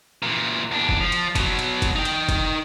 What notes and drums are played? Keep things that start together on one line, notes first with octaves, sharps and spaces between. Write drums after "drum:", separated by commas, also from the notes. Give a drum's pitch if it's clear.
A#2 E3
E2 D4
drum: kick F#1
F3
drum: cymbal
B2 F#3, drum: kick F#1, cymbal
drum: cymbal
drum: kick F#1, cymbal
D#4 G5
drum: cymbal
drum: kick F#1, cymbal